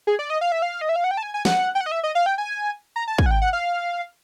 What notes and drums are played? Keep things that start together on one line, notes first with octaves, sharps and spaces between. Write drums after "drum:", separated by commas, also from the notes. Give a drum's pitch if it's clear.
G#4
D5
D#5
F5
E5
F5
D#5
E5
F5
F#5
G5
A5
G#5
G#5
F#5, drum: snare
G5
F#5
D#5
E5
D#5
F5
G5
G#5
A#5
A5
G#5, drum: kick
F#5
G5
F#5
F5